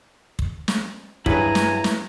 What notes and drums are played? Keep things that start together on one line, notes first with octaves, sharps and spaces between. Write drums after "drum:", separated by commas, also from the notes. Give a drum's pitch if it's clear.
drum: kick
drum: snare
G2 F#3 E4 G#4 B4 G#5 A#5, drum: kick
drum: snare
drum: snare